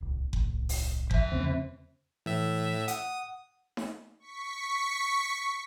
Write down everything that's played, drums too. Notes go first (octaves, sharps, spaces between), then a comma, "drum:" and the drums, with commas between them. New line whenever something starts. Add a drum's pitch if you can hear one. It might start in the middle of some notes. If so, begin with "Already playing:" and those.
D1 C2
D#1 C2 A2, drum: kick F#1
drum: open hi-hat
G#1 F3 E5, drum: kick F#1
E2 C#3 A3 B3 C4
A2 E3 E5
F#5 D#6, drum: hi-hat
drum: snare D#4
C#6 B6